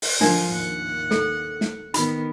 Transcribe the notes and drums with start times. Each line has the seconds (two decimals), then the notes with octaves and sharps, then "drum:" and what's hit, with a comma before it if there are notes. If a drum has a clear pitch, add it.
0.02 drum: open hi-hat
0.21 D3 F3 D4 A#4, drum: snare
0.50 D#2 F#5
1.11 A4, drum: snare
1.61 drum: snare
1.94 D#3 B3 B5, drum: hi-hat